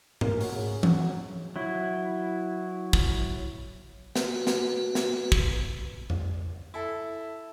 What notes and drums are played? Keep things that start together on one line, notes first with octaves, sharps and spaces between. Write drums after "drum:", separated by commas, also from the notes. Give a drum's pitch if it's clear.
A#4, drum: tom G#2
F#3, drum: open hi-hat
C#3
F#3, drum: tom E3
F#3 E4
drum: kick
F#4 B4, drum: snare
drum: snare
drum: snare
drum: kick
drum: tom F2
E4 A4